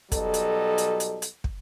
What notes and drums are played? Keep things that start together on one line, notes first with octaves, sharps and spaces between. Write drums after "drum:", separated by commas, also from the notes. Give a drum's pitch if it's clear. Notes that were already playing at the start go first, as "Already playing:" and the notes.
B1 F#3 G3 A4 D#5, drum: kick, hi-hat
drum: hi-hat
drum: hi-hat
drum: hi-hat
drum: hi-hat
drum: kick